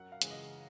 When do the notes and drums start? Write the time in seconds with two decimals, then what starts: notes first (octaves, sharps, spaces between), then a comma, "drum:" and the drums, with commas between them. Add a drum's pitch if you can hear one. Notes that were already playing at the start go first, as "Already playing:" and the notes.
Already playing: F#2 F#5
0.12 F5
0.22 C#3 E3 G#3, drum: hi-hat
0.31 D#5